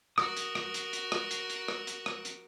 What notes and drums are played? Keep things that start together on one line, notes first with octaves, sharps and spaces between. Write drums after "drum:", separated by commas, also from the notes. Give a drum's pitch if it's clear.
F#4 A#4 D#6, drum: rim click
drum: hi-hat
drum: rim click
drum: hi-hat
drum: hi-hat
drum: rim click
drum: hi-hat
drum: hi-hat
drum: rim click
drum: hi-hat
drum: rim click
drum: hi-hat